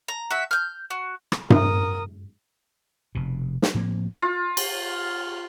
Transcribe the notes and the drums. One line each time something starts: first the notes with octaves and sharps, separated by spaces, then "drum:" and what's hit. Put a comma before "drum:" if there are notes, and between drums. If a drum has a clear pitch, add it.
A#5
F#4 E5
F6 G6
F#4
drum: rim click
A#4 D#6, drum: tom G2
F1 B2
drum: snare
A2 F3 A#3 C4
F4
drum: cymbal